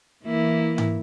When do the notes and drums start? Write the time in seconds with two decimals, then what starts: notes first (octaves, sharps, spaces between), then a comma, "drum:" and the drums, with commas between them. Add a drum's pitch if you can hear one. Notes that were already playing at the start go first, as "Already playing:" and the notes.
0.24 E3 A#3 E4
0.78 drum: tom G#2